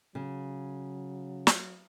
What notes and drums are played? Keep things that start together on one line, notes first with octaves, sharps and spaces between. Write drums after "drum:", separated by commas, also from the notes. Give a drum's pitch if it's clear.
C#3 F#3
drum: snare